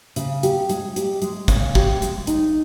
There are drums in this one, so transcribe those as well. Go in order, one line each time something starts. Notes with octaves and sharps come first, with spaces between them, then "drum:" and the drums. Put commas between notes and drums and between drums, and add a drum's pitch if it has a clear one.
C#3, drum: hi-hat
G4, drum: hi-hat
G#3, drum: hi-hat
G4, drum: hi-hat
G#3, drum: hi-hat
C#3, drum: kick, hi-hat
G4, drum: kick
G#3, drum: hi-hat
D#4, drum: hi-hat